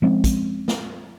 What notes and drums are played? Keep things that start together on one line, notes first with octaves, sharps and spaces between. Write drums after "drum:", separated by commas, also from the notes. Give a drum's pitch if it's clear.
F3 G#3 C4 C#4
drum: kick, hi-hat
drum: snare